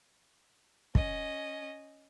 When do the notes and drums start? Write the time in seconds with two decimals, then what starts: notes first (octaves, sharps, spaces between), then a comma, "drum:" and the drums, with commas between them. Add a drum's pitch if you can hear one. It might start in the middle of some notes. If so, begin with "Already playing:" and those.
0.95 C#4 D#5, drum: kick